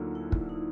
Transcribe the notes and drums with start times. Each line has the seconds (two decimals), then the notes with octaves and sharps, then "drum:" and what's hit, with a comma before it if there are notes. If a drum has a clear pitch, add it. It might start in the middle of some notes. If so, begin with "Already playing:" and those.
Already playing: D2 D3 F#3 A#3 D#4 F4
0.15 E4
0.32 drum: kick
0.49 D#4